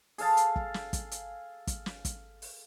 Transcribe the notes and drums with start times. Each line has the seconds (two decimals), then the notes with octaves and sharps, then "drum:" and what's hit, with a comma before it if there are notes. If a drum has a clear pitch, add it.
0.18 G#4 A4 F5 A5, drum: open hi-hat
0.37 drum: hi-hat
0.56 drum: kick
0.74 drum: snare
0.93 drum: kick, hi-hat
1.11 drum: hi-hat
1.67 drum: kick, hi-hat
1.86 drum: snare
2.05 drum: kick, hi-hat
2.42 drum: open hi-hat